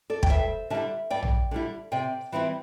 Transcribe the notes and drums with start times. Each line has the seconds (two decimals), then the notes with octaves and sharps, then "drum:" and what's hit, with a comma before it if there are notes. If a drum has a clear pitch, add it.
0.10 A4 D5
0.23 G5, drum: kick
0.30 G2 C5 E5
0.70 D3 G3 E4 E5 A5
1.10 G2 D5 G5
1.23 drum: tom A#1
1.51 D3 G3 E4
1.92 C3 D5 G5
2.32 E3 G3 C4 E4